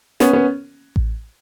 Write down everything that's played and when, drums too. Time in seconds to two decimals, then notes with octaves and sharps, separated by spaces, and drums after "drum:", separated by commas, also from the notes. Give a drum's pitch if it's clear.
0.20 B3 C#4, drum: snare
0.33 B3 C#4
0.96 drum: kick A1